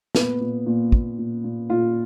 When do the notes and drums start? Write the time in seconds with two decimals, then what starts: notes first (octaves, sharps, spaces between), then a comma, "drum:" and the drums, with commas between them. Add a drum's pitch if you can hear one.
0.15 A#2 B3, drum: snare
0.41 A#2
0.66 A#2
0.92 A#2, drum: kick
1.18 A#2
1.44 A#2
1.70 A#2 F4